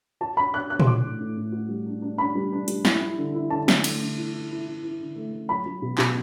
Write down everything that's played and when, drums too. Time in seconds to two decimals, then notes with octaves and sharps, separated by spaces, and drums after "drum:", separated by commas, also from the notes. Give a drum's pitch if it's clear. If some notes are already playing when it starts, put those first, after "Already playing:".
0.21 F#4 A5
0.37 D4 B5
0.53 D4 F#6
0.70 D4 F#6
0.80 C6, drum: tom A#2
0.86 F#4 D6
1.03 A2
1.20 A2
1.37 A2
1.52 F#4
1.69 G3
1.86 D4
2.02 D4
2.18 D4 B5
2.35 G3
2.52 D4
2.68 G3, drum: hi-hat
2.85 E4, drum: snare
3.01 E4
3.18 D3
3.34 E4
3.50 D3 A5
3.68 D3, drum: snare
3.84 A3, drum: cymbal
4.01 D3
4.17 E4
4.33 E4
4.51 E4
4.67 E4
4.83 E4
5.00 D3
5.16 A3
5.32 A3
5.49 F#3 B5
5.66 F#3
5.82 B2
5.98 B2, drum: clap